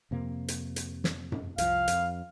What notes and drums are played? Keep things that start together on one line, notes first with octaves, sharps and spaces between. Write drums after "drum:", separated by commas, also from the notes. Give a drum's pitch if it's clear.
F2 C3 A#3
drum: hi-hat
drum: hi-hat
drum: snare
drum: tom F#2
C2 F3 F5, drum: hi-hat
F2, drum: hi-hat